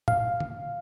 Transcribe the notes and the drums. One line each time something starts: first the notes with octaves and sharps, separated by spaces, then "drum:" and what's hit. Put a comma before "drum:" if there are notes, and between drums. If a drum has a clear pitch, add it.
F5, drum: tom
drum: tom